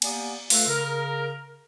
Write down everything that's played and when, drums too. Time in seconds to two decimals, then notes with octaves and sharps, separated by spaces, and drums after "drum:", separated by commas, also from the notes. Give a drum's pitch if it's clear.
0.02 A#3 B3 G4 D5 G#5, drum: cymbal
0.50 A3 F4 A4 B4 F5, drum: open hi-hat
0.67 C#3 A#4